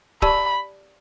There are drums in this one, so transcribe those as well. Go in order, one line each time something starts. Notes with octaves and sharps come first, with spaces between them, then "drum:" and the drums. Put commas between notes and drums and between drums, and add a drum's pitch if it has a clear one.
G4 D5 A5 B5 E6, drum: kick